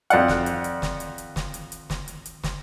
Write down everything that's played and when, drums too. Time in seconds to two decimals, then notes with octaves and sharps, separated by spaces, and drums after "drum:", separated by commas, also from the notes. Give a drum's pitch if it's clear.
0.10 F2 D5 F#5, drum: hi-hat
0.28 drum: snare
0.46 drum: hi-hat
0.64 drum: hi-hat
0.82 drum: snare
1.00 drum: hi-hat
1.18 drum: hi-hat
1.36 drum: snare
1.54 drum: hi-hat
1.72 drum: hi-hat
1.90 drum: snare
2.08 drum: hi-hat
2.26 drum: hi-hat
2.43 drum: snare